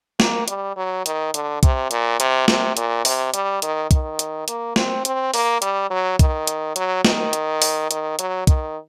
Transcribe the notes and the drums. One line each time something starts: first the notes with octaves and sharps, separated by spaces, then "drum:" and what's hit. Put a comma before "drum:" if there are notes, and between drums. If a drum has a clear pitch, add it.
A#3, drum: snare
G3, drum: hi-hat
F#3
D#3, drum: hi-hat
D3, drum: hi-hat
C3, drum: kick, hi-hat
A#2, drum: hi-hat
C3, drum: hi-hat
C3, drum: snare
A#2, drum: hi-hat
C3, drum: open hi-hat
G3, drum: hi-hat
D#3, drum: hi-hat
D#3, drum: kick, hi-hat
drum: hi-hat
A#3, drum: hi-hat
C4, drum: snare
C4, drum: hi-hat
A#3, drum: open hi-hat
G3, drum: hi-hat
F#3
D#3, drum: kick, hi-hat
drum: hi-hat
F#3, drum: hi-hat
D#3, drum: snare
drum: hi-hat
drum: open hi-hat
D#3, drum: hi-hat
F#3, drum: hi-hat
D#3, drum: kick, hi-hat